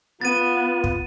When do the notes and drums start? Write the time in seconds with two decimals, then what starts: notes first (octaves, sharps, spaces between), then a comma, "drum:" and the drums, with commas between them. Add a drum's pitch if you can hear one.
0.21 B3 F4 A6 D#7
0.84 drum: kick